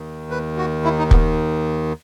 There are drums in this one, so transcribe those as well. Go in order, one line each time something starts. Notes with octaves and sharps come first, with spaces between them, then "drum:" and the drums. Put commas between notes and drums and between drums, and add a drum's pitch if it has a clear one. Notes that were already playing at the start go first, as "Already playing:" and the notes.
Already playing: D#2 D#3
B4
F#4
E4
D#4
B3, drum: kick